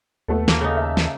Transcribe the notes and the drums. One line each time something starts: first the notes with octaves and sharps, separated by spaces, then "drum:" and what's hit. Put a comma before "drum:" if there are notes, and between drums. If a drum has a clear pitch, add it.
D#2 A3 B3 A4
A#3, drum: snare
C#3 D#4
E5 A5
drum: snare